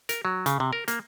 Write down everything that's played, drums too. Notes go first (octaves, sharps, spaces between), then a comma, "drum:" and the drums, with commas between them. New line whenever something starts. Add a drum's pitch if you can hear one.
A#4, drum: hi-hat
F#3
C#3, drum: hi-hat
C3
A#4
A#3, drum: hi-hat